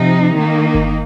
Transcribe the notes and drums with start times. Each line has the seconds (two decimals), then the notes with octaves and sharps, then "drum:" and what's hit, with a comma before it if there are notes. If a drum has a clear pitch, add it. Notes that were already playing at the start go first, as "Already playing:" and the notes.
Already playing: C3 F3 D#4
0.35 D#3 A#3 D#4
0.75 drum: kick G1